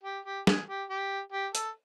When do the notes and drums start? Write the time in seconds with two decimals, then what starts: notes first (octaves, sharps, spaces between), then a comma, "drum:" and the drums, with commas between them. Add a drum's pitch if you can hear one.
0.04 G4
0.25 G4
0.47 G#4, drum: snare
0.69 G4
0.90 G4
1.32 G4
1.55 A4, drum: hi-hat